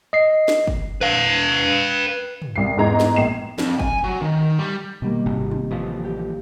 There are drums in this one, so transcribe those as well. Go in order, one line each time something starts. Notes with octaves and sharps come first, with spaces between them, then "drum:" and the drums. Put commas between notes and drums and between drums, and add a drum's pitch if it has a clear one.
D#5 C7
drum: snare
drum: kick G1
B4 F5
drum: tom
C2 C7
E2 G#2 A#5 G#6
drum: snare
A#1 C7 E7
F2, drum: snare
G#5, drum: kick G1
F#3
D#3
G3
B2 D#3 G3 A#3
G#1 C3 D#4
drum: tom
A1 F3 C6
G4